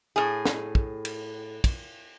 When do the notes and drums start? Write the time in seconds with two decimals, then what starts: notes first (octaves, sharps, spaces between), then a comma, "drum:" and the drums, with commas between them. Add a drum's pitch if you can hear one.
0.16 A2 G#4
0.45 drum: snare
0.75 drum: kick
1.05 drum: cymbal
1.64 drum: kick, cymbal